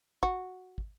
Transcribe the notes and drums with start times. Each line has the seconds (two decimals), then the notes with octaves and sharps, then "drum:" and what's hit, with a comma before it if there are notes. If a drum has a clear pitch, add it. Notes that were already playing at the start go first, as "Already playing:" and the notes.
0.23 F#4, drum: kick
0.78 drum: kick